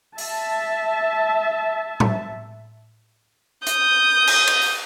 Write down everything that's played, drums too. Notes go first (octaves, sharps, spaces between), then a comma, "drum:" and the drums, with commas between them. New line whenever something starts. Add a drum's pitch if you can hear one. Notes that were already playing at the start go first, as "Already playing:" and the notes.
E5 A5, drum: open hi-hat
drum: tom A2
D#6 G6, drum: hi-hat
drum: cymbal
drum: cymbal
drum: open hi-hat